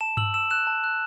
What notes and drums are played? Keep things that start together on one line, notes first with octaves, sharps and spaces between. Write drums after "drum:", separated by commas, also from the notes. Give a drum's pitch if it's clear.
A5 E7
E6 F#7, drum: tom G2
E6 E7
F#6 E7
A5
F#6